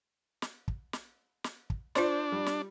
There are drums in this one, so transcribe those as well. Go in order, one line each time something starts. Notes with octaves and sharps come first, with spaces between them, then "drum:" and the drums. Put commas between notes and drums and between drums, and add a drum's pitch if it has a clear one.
drum: snare
drum: kick
drum: snare
drum: snare
drum: kick
D4 F4 C5 D5, drum: snare
G3
drum: snare